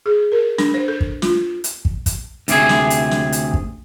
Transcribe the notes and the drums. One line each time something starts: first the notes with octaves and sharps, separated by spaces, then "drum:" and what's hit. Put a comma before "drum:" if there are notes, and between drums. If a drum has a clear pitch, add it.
G#4
A#4
D4, drum: snare
C5
A4
drum: kick
F4, drum: snare
drum: hi-hat
drum: kick
drum: kick, hi-hat
D2 C3 G#4, drum: hi-hat
drum: snare
drum: hi-hat
drum: snare
drum: hi-hat
drum: kick